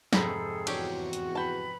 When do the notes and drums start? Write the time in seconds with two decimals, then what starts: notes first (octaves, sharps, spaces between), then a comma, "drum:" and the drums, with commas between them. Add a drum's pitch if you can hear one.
0.13 F2 G#2 C3 G#4 A4 A#5 B5 E6, drum: snare
0.67 E2 D4 F#4 G4 C#5, drum: cymbal
1.13 drum: hi-hat
1.35 B4 G5 A5 B5